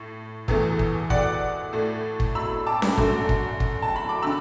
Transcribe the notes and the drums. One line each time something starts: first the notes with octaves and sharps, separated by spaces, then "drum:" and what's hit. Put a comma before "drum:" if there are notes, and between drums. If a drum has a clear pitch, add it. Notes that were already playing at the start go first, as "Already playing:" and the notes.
Already playing: A2
E2 E3 A3, drum: kick
drum: kick
D5 F#5, drum: kick
A2 A3
drum: kick
B5 E6
A5 D6
drum: snare C#4
F#2 D3 A3, drum: kick
drum: kick
drum: kick
A5
B5
D6
D3 B5 E6